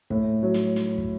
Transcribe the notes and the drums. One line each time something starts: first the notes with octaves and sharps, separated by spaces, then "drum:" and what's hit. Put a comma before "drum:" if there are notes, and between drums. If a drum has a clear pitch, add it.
A2, drum: kick
F#3
drum: snare
drum: snare
drum: kick